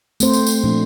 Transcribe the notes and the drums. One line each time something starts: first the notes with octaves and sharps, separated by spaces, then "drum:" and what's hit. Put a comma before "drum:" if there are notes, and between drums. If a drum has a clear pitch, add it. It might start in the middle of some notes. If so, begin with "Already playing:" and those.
A3 C4 C5, drum: tambourine
drum: tambourine
drum: tambourine
A#2 F3 A3 D4